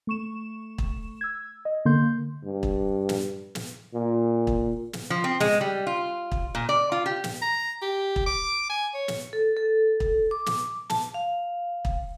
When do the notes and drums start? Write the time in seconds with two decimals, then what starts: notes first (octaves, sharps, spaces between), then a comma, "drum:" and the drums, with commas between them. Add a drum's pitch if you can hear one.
0.07 A3 C#6 E7
0.78 drum: kick
1.21 E6 G#6
1.65 D#5
1.85 D3 A#3 C6 G6
2.45 G2
2.63 drum: kick
3.09 drum: snare
3.55 drum: snare
3.94 A#2
4.47 drum: kick
4.93 drum: snare
5.10 F3
5.24 C4
5.40 G#3, drum: snare
5.61 G3
5.87 F4
6.32 drum: kick
6.55 A#2
6.69 D5
6.92 F4
7.06 G4
7.24 drum: snare
7.42 A#5
7.82 G4
8.16 drum: kick
8.26 D6
8.70 G#5
8.94 C#5
9.08 drum: snare
9.33 A4
9.57 A4
10.00 drum: kick
10.31 D6
10.46 drum: snare
10.90 A5, drum: snare
11.14 F5
11.85 drum: kick